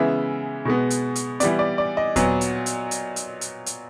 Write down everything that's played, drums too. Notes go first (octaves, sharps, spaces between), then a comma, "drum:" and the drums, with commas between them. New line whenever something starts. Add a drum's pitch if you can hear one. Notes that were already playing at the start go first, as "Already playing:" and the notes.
Already playing: C#3 E3 G#3 B3 E5
B2 G#3 B3
drum: hi-hat
drum: hi-hat
E3 G3 B3 D5, drum: hi-hat
D5
D5
D#5
A#2 F#3 B3, drum: kick D#2, hi-hat
drum: hi-hat
drum: hi-hat
drum: hi-hat
drum: hi-hat
drum: hi-hat
drum: hi-hat